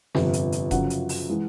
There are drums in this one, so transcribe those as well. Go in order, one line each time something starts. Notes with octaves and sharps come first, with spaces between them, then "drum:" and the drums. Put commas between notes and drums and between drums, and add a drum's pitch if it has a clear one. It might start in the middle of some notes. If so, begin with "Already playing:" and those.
G1 F2 C3, drum: snare
drum: hi-hat
drum: hi-hat
F#2 C#3 F3 F#5, drum: kick E1, hi-hat
drum: hi-hat
drum: open hi-hat
E3 G#3